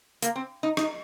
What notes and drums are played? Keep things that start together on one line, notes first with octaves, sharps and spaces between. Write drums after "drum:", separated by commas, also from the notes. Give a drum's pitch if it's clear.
A#3, drum: hi-hat
C4
D#4
D#4, drum: rim click